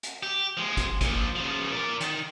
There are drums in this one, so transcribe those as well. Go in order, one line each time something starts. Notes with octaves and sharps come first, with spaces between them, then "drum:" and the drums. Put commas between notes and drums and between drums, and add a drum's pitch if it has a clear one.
drum: hi-hat
G4
F3 G#3
drum: kick G1, hi-hat
A#2 F3, drum: kick G1, hi-hat
C#3 F3
A#4 D5
D#3, drum: hi-hat